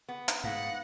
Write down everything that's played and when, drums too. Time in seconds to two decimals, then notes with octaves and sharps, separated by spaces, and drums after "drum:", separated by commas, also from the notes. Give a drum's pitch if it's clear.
0.08 B3
0.28 drum: hi-hat
0.44 G#2 F5 F#5